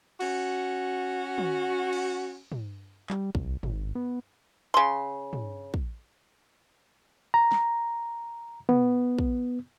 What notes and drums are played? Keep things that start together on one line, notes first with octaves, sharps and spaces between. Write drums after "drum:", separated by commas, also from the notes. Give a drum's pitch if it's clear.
C#4 F#4, drum: cymbal
drum: tom
drum: cymbal
drum: tom
G3, drum: clap
C2, drum: kick
G#1, drum: tom
B3
C#3 C6
drum: tom
drum: kick
A#5
drum: snare
B3, drum: tom
drum: kick